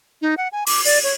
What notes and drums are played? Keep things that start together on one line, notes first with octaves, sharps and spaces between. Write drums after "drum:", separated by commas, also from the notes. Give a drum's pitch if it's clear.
D#4
F#5
G#5
D6, drum: open hi-hat
D5, drum: open hi-hat
C#5